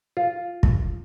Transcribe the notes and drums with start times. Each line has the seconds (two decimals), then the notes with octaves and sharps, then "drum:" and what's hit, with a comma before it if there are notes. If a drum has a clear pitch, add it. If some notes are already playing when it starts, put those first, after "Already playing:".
0.17 F4
0.63 drum: kick